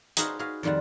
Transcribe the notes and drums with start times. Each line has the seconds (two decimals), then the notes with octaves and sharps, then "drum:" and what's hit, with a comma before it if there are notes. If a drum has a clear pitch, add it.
0.17 D#4 F#4 G#4 B4 C5 F5, drum: hi-hat
0.39 F#4 G#4 B4 F5
0.63 F2 D#3 G3 F4 F#5